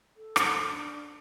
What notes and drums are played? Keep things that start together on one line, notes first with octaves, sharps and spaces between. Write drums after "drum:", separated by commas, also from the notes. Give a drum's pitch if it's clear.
A4
drum: rim click
D4